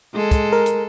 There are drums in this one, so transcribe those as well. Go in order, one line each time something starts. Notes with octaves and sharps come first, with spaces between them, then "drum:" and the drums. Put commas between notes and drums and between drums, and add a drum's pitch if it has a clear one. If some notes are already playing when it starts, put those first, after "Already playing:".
G#3 A4
drum: kick, hi-hat
A#4
drum: hi-hat